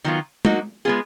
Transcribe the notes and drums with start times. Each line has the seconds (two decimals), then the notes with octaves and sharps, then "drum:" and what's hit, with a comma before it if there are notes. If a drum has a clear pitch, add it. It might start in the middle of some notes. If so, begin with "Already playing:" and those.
0.04 D#3 F#3 B3 F4
0.45 F#3 A#3 D#4 F#4, drum: tom
0.85 G#3 B3 F4 G#4